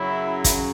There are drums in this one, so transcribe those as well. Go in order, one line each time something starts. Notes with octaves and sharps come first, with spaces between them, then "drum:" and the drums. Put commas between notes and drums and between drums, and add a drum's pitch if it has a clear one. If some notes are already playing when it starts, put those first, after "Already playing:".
Already playing: F#2 C#3 F#3 E4
drum: kick, hi-hat